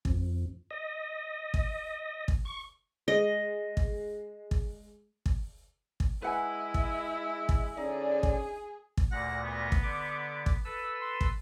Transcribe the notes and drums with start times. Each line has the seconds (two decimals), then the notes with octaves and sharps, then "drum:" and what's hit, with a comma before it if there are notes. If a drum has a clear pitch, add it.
0.05 F2, drum: kick
0.71 D#5
1.54 drum: kick
2.28 drum: kick
2.45 C#6
3.08 G#3 D#5
3.77 drum: kick
4.51 drum: kick
5.26 drum: kick
6.00 drum: kick
6.22 G#3 E4 B4 F#5 G#5
6.74 drum: kick
7.49 drum: kick
7.77 D3 C#4 D#4 G#4 D5
8.23 drum: kick
8.97 drum: kick
9.12 D2 A#2 F#5 A#6
9.44 B3
9.72 drum: kick
9.83 D3 D6
10.46 drum: kick
10.65 A4 B4 E6
11.01 C6
11.21 drum: kick